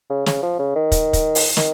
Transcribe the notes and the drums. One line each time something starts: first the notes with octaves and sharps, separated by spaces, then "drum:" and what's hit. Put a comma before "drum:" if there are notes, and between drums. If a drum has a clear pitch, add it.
C#3
C#3, drum: snare
F3
C#3
D#3
drum: kick, hi-hat
drum: kick, hi-hat
drum: open hi-hat
D#3, drum: snare